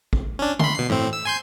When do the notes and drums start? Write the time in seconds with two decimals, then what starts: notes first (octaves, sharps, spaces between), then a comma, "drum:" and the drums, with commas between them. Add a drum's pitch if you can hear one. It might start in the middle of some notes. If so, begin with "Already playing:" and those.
0.13 drum: kick
0.39 C#4 D4
0.59 B5 C6, drum: tom
0.75 B2 C7
0.89 A2 C4, drum: tom G2
1.13 E6
1.25 G#5 C6 G6